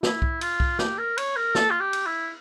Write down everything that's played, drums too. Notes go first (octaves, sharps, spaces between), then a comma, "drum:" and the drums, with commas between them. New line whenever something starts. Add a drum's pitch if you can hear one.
E4, drum: snare
drum: kick C2
F4, drum: cymbal
drum: kick C2
G4, drum: snare
A#4
C#5, drum: cymbal
A#4
A4, drum: snare
F4
G4
drum: cymbal
E4